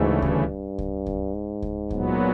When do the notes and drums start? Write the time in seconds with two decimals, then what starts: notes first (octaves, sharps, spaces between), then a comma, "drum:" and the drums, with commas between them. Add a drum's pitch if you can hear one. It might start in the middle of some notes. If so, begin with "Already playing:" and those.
Already playing: D2 G#2 C#3 E3 A3
0.22 G2, drum: kick C#2
0.78 drum: kick C#2
1.06 drum: kick C#2
1.34 G#2
1.62 drum: kick C#2
1.90 A#2 F#3 B3, drum: kick C#2